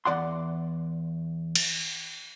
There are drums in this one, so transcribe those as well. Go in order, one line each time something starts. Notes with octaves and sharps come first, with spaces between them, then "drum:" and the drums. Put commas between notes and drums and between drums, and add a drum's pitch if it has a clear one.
E2 D5 F#5 C6
drum: cymbal